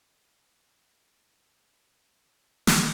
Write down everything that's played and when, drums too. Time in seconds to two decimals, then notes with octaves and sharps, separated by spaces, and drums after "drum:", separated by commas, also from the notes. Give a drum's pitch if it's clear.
0.23 F3 E4 F4 G#4 C#5
0.71 D#2 D3 C#5 D5 C6 E6
1.15 A#2 D4 D#4 F5 A#5 C#6
1.30 D#3 G4 C#5 F5 C6
2.09 A#4
2.67 drum: snare